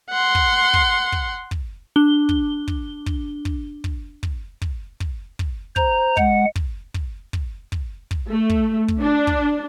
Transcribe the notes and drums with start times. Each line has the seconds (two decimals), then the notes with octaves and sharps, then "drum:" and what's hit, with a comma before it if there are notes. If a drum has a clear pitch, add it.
0.11 F#5 C6
0.35 drum: kick
0.74 drum: kick
1.12 drum: kick
1.51 drum: kick
1.96 D4 G7
2.29 drum: kick
2.68 drum: kick
3.06 drum: kick
3.45 drum: kick
3.84 drum: kick
4.23 drum: kick
4.62 drum: kick
5.00 drum: kick
5.39 drum: kick
5.76 C5 A#5, drum: kick
6.17 G#3 F#5, drum: kick
6.56 drum: kick
6.94 drum: kick
7.33 drum: kick
7.72 drum: kick
8.11 drum: kick
8.29 A3
8.50 drum: kick
8.88 drum: kick
9.00 D4
9.27 drum: kick